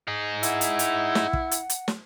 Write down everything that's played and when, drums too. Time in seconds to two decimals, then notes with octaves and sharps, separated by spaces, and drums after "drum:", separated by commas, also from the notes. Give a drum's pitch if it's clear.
0.07 D#4 G#4
0.43 E4 F#5, drum: hi-hat
0.61 drum: hi-hat
0.79 drum: hi-hat
1.15 drum: snare
1.33 drum: kick
1.51 drum: hi-hat
1.70 drum: hi-hat
1.88 drum: snare